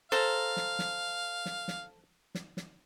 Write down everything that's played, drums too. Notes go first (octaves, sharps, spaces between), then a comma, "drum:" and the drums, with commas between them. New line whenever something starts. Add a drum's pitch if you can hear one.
A4 C5 F5 A#5
drum: snare
drum: snare
drum: snare
drum: snare
drum: snare
drum: snare